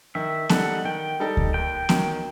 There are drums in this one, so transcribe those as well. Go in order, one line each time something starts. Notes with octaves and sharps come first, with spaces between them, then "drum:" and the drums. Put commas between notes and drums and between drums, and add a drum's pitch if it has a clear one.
D#3 E5
G3 D#4 A4 F#5, drum: snare B3
D#3 G5
G3 D#4 A4
drum: kick D2
D#2 G5
D#3 F#3, drum: snare B3